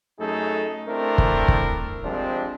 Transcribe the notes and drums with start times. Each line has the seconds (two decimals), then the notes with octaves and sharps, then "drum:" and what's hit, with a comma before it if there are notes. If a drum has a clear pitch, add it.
0.20 F#2 A3 D#4 G#4 A4
0.88 A3 C4 D4 E4 A#4
1.18 drum: kick
1.48 drum: kick
2.03 F3 G3 G#3 C4 D4